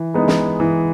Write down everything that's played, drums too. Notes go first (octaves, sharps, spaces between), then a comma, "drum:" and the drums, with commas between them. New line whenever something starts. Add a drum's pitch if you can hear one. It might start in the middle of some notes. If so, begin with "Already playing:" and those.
Already playing: E3
G#3 B3 D#4
drum: snare
E3